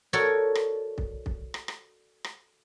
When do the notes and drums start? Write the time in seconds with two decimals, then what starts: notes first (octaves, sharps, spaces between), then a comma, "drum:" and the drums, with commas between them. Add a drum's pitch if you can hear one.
0.13 F#4 A4 A#4 C#5 D5
0.55 drum: rim click
0.98 drum: kick
1.26 drum: kick
1.54 drum: rim click
1.68 drum: rim click
2.24 drum: rim click